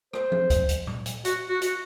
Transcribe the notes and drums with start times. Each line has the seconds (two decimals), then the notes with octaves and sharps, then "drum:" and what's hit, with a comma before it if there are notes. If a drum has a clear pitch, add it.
0.13 C5, drum: rim click
0.32 drum: tom F3
0.50 drum: kick C#2, hi-hat
0.69 drum: hi-hat
0.87 drum: tom A#2
1.06 drum: hi-hat
1.25 F#4, drum: hi-hat
1.49 F#4
1.61 F#4, drum: hi-hat